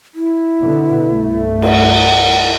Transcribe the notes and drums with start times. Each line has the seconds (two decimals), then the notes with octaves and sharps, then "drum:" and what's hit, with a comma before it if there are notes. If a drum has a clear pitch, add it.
0.14 E4
0.61 B2 D3 B3
1.09 C2 G2 A3
1.62 F#5, drum: cymbal